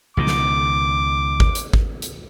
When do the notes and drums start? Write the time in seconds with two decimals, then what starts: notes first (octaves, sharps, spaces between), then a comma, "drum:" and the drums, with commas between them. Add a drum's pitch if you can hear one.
0.17 C#2 B2 D#3 D6
0.27 drum: snare
1.40 drum: kick G#1
1.55 drum: hi-hat
1.73 drum: kick G#1
2.02 drum: hi-hat